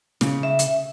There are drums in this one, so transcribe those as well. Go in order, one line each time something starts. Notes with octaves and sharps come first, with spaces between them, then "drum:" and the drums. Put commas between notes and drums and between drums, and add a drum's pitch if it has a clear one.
C#3, drum: snare
E5
drum: hi-hat